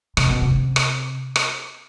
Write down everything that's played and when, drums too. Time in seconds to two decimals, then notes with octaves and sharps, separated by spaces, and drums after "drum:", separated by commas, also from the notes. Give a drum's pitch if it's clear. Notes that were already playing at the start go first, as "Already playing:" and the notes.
0.17 C3, drum: rim click
0.28 B2
0.41 C3
0.76 drum: rim click
1.36 drum: rim click